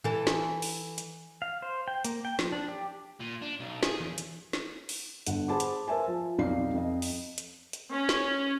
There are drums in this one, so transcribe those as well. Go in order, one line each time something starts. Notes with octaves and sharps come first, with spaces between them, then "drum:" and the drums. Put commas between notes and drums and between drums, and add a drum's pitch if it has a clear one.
E3 A4
drum: snare
drum: open hi-hat
drum: hi-hat
F5
C5
G5
A#3, drum: hi-hat
G5
F3, drum: snare
D4
G4
A#2
D4
B1
G#4, drum: snare
E2
drum: hi-hat
drum: snare
drum: open hi-hat
G1 D3 F#5, drum: hi-hat
G#4 C5 A5 B5 D6
drum: hi-hat
A#4 C5 E5 G#5 A5
F3
B1 F2 D#4 D5 F5 C7
F2 D#5
drum: open hi-hat
drum: hi-hat
drum: hi-hat
C#4
drum: snare